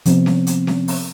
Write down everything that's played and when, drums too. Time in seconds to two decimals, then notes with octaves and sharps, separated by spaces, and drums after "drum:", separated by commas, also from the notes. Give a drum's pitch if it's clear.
0.05 C3 F3 B3 C4, drum: hi-hat
0.26 drum: snare C#4
0.47 drum: hi-hat
0.67 drum: snare C#4
0.88 drum: open hi-hat